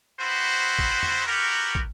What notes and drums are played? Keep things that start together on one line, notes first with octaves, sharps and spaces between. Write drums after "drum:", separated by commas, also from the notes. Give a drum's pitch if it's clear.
B3 C4 E4 F#4 C5
drum: kick
drum: tom E2
B3 F#4 G4 A#4
drum: kick